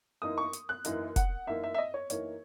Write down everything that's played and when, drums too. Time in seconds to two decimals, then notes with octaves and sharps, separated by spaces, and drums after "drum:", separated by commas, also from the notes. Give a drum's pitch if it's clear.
0.22 F#2 E3 A#3 D#4 D#6
0.38 C#6
0.53 drum: hi-hat
0.69 F#6
0.85 F#2 E3 A#3 D#4, drum: hi-hat
1.16 F#5, drum: kick F1, hi-hat
1.47 F#2 E3 A#3 D#4 E5
1.64 E5
1.74 E5
1.78 D#5
1.94 C#5
2.10 F#2 E3 A#3 D#4 C#5, drum: hi-hat